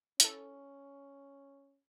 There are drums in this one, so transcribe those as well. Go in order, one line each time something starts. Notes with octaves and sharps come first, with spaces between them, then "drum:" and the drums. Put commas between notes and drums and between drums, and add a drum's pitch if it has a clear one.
C#4 E4 A4, drum: hi-hat